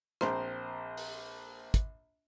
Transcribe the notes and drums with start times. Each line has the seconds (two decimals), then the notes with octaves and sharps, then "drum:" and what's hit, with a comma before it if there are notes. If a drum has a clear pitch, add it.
0.21 A#1 C4 A#4 C6, drum: rim click
0.97 drum: open hi-hat
1.74 drum: kick, hi-hat